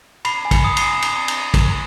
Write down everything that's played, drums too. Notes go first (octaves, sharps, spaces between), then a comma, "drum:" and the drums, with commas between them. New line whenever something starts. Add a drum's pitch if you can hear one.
B5 C7, drum: cymbal
G#5
C#7, drum: kick, cymbal
D#6
C7, drum: cymbal
G#5
drum: cymbal
drum: cymbal
drum: kick, cymbal